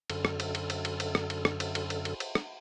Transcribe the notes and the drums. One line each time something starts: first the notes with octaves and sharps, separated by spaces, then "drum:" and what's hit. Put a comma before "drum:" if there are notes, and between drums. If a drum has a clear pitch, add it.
F#2 D3 A4 F6, drum: cymbal
drum: rim click
drum: cymbal
drum: cymbal
drum: cymbal
drum: cymbal
drum: cymbal
drum: rim click
drum: cymbal
drum: rim click
drum: cymbal
drum: cymbal
drum: cymbal
drum: cymbal
drum: cymbal
drum: rim click